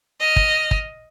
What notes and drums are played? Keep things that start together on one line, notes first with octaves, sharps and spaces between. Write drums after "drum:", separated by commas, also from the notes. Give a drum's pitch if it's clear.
D#5 F6
drum: kick
drum: kick